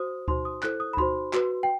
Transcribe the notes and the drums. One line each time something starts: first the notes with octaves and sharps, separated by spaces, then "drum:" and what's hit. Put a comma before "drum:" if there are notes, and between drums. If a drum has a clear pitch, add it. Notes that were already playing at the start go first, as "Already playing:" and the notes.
Already playing: F#4 C5 D#6
D#4 F#4 C5 C6, drum: kick D2
D#6
E4 A4 C5 F#6, drum: clap
D#6
B5
D#4 F#4 C5 C6, drum: kick D2
F#4 B4, drum: clap
G5